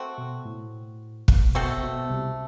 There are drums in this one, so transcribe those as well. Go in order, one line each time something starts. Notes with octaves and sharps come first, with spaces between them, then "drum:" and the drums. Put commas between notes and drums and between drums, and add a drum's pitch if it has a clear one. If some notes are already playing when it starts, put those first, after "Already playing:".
Already playing: A3 C4 F#4
B2
A2
drum: kick
B2 A3 C4 F#4 A4
B2
C2 C3